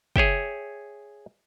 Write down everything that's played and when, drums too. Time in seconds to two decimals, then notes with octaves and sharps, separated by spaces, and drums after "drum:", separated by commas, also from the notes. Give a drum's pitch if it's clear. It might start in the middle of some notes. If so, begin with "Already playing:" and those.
0.16 G#4 C#5 E5 G5, drum: kick